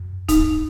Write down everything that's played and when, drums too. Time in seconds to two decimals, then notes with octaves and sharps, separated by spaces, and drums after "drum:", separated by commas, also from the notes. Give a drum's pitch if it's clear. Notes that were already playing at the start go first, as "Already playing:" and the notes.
Already playing: F#2
0.29 D#4, drum: kick, hi-hat